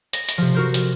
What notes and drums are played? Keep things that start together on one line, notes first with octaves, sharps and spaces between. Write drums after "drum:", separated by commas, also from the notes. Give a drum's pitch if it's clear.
A#6, drum: hi-hat
drum: hi-hat
C3 F3
F#4 A#4 C5
drum: hi-hat